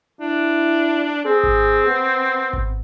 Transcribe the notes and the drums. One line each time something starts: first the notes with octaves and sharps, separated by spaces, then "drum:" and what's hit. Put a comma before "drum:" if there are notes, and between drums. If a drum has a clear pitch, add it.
D4 E4
C4 G#4
drum: kick G#1
B3
drum: kick G#1